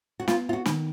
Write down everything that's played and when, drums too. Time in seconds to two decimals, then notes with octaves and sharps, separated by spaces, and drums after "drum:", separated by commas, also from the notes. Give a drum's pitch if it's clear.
0.20 F#4
0.28 B3 F4, drum: snare
0.49 F4
0.53 F#4
0.66 D#3, drum: snare